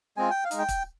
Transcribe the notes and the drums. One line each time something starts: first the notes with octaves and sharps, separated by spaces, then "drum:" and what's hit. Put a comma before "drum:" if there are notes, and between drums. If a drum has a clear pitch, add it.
G#3 C4 F4 G#5
G5
F5
G#3 D#4, drum: hi-hat
G5
drum: kick, hi-hat